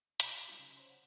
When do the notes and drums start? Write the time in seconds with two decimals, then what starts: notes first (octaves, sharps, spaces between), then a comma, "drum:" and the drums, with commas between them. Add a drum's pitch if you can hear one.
0.20 B2, drum: hi-hat
0.33 A6
0.47 F#3 G3 B3 D#4 F4
0.59 C#3
0.76 C5 C#5 C6
0.90 F#5